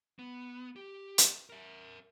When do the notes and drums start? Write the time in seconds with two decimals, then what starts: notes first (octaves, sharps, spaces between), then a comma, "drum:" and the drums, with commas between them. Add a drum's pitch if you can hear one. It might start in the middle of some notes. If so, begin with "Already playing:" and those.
0.19 B3
0.76 G4
1.18 drum: hi-hat
1.50 A#4 E5